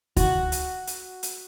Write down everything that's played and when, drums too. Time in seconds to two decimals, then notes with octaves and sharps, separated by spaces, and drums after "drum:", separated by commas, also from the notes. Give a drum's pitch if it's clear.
0.17 F#4, drum: kick D2, hi-hat
0.52 drum: hi-hat
0.87 drum: hi-hat
1.23 drum: hi-hat